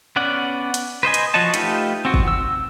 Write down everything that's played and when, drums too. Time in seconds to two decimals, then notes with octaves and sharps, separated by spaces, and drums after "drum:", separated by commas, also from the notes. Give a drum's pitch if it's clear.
0.16 B3 C#4 D5 F#5
0.74 drum: hi-hat
1.03 B4 C5 D#5 G#5
1.14 drum: hi-hat
1.34 F3 F#4 C#5 D#5 A5
1.54 A3 D#4 F4 G4 B4, drum: hi-hat
2.05 C4 F#4
2.14 drum: kick
2.28 E6